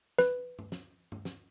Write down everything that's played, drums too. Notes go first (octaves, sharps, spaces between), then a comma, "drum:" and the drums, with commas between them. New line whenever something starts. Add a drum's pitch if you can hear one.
B4, drum: snare
drum: tom G2
drum: snare
drum: tom G2
drum: snare